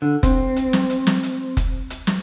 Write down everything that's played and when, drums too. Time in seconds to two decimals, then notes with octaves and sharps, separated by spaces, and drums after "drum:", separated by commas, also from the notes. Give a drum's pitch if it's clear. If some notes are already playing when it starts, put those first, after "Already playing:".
0.02 D3
0.23 C4, drum: kick F1, hi-hat
0.56 drum: hi-hat
0.73 drum: snare
0.90 drum: hi-hat
1.07 drum: snare
1.23 drum: hi-hat
1.57 drum: kick F1, hi-hat
1.90 drum: hi-hat
2.07 drum: snare